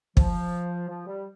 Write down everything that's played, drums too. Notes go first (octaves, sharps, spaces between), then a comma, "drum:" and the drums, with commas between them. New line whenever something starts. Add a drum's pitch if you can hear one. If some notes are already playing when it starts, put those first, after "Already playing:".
F3, drum: kick
F3
G3